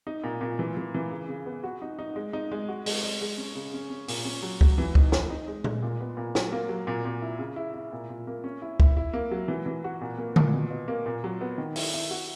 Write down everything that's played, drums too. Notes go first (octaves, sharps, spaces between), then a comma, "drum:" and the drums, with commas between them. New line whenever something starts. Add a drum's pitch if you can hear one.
D#4
A#2
A#2
E3
E3
E3
C#3
C#3
B3
F#4
D#4
D#4
G#3
D#4
G#3
F#4
G#3, drum: open hi-hat
G#3
G#3
C#4
C#3
C#4
C#4
A#2, drum: open hi-hat
C#4
F#3
F#3, drum: kick C#2
E3
D#4, drum: kick C#2
E3, drum: snare
D#4
G#3
G#3, drum: tom A#2
A#2
B3
A#2
F#3, drum: snare
A#3
F#3
A#2
A#2
E4
C#3
E4
E4
A#2
A#2
A#3
C#4
E4
E4, drum: kick C#2
E4
A#3
F#3
E3
E3
F#4
A#2
A#3
A#2, drum: tom D3
B2
B2
A#3
A#2
F#3
B3
D#3
E4, drum: open hi-hat
E4
F#4